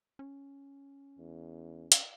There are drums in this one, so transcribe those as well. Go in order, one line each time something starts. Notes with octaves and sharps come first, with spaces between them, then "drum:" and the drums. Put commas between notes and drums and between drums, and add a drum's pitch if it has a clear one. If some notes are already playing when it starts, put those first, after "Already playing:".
C#4
E2
drum: hi-hat